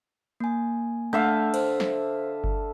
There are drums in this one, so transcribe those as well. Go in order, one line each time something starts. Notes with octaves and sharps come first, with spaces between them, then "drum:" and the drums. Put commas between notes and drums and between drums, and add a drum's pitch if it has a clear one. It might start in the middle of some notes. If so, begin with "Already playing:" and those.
A#3 G#5
D3 A3 E5 F5 G6
C5, drum: cymbal
drum: snare
drum: kick G1